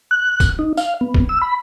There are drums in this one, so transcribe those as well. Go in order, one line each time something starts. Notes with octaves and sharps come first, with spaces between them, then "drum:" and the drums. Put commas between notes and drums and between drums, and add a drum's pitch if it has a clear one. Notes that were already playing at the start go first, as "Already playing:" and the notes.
F#6
drum: kick, tambourine
D#4
F5, drum: tambourine
B3
drum: kick
E6
B5